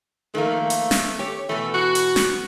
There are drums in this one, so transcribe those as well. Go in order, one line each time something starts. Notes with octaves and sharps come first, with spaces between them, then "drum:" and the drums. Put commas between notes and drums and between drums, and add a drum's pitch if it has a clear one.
D#3 F3 A3 A#3
drum: hi-hat
drum: snare
G4 C#5
B2 E3 A3
F#4
drum: hi-hat
drum: snare